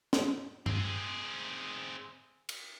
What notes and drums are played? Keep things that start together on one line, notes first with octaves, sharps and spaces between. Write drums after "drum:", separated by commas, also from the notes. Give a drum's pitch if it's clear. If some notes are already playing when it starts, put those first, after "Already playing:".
drum: snare
C4 G#4, drum: tom G2
drum: cymbal